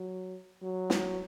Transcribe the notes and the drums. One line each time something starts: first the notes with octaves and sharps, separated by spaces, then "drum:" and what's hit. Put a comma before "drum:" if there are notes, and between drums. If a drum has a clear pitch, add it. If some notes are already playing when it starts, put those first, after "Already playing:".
Already playing: F#3
F#3
drum: snare